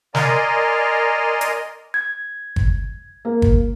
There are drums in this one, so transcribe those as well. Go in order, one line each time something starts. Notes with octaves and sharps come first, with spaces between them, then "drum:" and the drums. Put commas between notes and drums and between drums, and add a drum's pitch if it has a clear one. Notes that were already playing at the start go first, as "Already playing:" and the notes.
A#4 D5 D#5 G#5 A#5 C6, drum: snare
drum: hi-hat
G#6
drum: kick
A#3
drum: kick